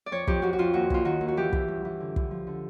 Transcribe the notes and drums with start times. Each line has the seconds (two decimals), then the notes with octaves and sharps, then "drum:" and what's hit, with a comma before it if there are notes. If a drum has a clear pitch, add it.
0.06 D5
0.11 F2 C#5
0.27 F2 G4, drum: kick
0.42 F2 F#4
0.53 F#4
0.59 F2 F4
0.73 D#2 F#4
0.90 D#2 F4, drum: kick
1.05 D#3 F#4
1.21 D#2
1.28 F#4
1.37 E3 G4
1.53 E3, drum: kick
1.68 G2
1.85 E3
2.00 D3
2.16 D3, drum: kick
2.31 F3
2.47 D3